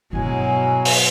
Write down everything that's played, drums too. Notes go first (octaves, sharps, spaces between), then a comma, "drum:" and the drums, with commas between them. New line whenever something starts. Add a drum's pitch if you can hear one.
G2 B2 F#3 G#3 E4 G#5
drum: open hi-hat